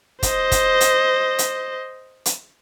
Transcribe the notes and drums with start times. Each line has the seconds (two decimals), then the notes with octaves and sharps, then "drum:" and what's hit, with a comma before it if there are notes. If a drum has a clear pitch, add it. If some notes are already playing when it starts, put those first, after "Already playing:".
0.23 C5 D#5, drum: kick, hi-hat
0.52 drum: kick, hi-hat
0.81 drum: hi-hat
1.39 drum: hi-hat
2.26 drum: hi-hat